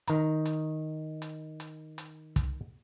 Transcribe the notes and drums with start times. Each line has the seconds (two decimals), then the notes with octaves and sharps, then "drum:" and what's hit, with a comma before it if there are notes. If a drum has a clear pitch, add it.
0.07 D#3 A#5, drum: hi-hat
0.46 drum: hi-hat
1.22 drum: hi-hat
1.60 drum: hi-hat
1.98 drum: hi-hat
2.36 drum: kick, hi-hat